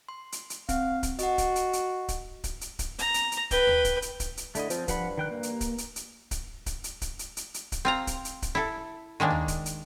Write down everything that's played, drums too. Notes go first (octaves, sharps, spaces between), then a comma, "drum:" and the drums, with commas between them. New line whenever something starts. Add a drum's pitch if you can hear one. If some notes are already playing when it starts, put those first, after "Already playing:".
C6
drum: hi-hat
drum: hi-hat
C4 F5, drum: kick C#1, hi-hat
drum: kick C#1, hi-hat
F#4 D#5 F#5, drum: hi-hat
drum: kick C#1, hi-hat
drum: hi-hat
drum: hi-hat
drum: kick C#1, hi-hat
drum: kick C#1, hi-hat
drum: hi-hat
drum: kick C#1, hi-hat
A#5, drum: hi-hat
drum: hi-hat
drum: hi-hat
B4 G5, drum: kick C#1, hi-hat
drum: tom
drum: kick C#1, hi-hat
drum: hi-hat
drum: kick C#1, hi-hat
drum: hi-hat
D3 A3 E4 D#5, drum: hi-hat
F3 C4, drum: hi-hat
G2 F3 F#5 B5, drum: kick C#1, hi-hat
D#3 G5 F#6
A#3
drum: hi-hat
drum: kick C#1, hi-hat
drum: hi-hat
drum: hi-hat
drum: kick C#1, hi-hat
drum: kick C#1, hi-hat
drum: hi-hat
drum: kick C#1, hi-hat
drum: hi-hat
drum: hi-hat
drum: hi-hat
drum: kick C#1, hi-hat
C4 F4 A#5
drum: kick C#1, hi-hat
drum: hi-hat
drum: kick C#1, hi-hat
E4 A4
D#3 G#3 A#3 D4
drum: tom
drum: kick C#1, hi-hat
drum: hi-hat